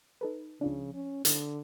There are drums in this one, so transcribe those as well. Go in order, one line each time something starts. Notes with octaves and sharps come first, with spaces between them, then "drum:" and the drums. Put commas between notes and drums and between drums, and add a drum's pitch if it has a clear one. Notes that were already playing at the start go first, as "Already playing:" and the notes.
D#4 A4 B4
C#2 C#3 F3 D4
C#4
D3, drum: hi-hat